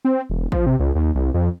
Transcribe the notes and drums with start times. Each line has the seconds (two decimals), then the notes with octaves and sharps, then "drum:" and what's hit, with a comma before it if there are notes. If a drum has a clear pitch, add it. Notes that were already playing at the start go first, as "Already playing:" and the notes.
0.05 C4
0.30 E1
0.52 F3, drum: kick A1
0.66 C3
0.80 C#2
0.95 D#2
1.15 C2
1.34 F2